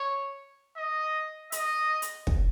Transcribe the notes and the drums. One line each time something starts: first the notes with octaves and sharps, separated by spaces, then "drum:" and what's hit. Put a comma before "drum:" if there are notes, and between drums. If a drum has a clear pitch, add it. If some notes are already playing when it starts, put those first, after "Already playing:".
Already playing: C#5
D#5
D#5, drum: hi-hat
drum: hi-hat
drum: kick